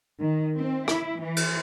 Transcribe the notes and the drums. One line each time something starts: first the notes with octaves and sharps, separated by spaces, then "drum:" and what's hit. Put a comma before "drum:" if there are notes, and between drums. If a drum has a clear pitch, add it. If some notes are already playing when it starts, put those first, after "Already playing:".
D#3
C4
E4, drum: rim click
E3
drum: cymbal